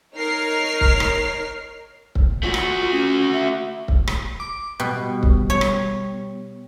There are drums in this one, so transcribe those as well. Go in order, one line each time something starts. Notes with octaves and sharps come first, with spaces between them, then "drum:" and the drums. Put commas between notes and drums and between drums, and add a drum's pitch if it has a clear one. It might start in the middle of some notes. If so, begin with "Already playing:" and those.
D#4 A#4 C#5 F6 C7
drum: kick C#1
drum: rim click
drum: kick C#1
A3 F4 F#4
drum: rim click
C#4
E5
drum: kick C#1
drum: rim click
D6
B2 G3
drum: kick C#1
C#5
drum: rim click